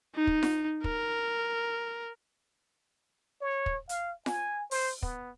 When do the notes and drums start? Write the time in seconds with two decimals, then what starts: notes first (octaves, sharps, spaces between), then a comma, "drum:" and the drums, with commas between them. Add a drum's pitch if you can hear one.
0.15 D#4
0.27 drum: kick
0.43 drum: snare F4
0.84 A#4, drum: kick
3.42 C#5
3.66 drum: kick
3.89 F5, drum: hi-hat
4.26 G#5, drum: snare F4
4.71 C5, drum: open hi-hat
5.02 B3, drum: kick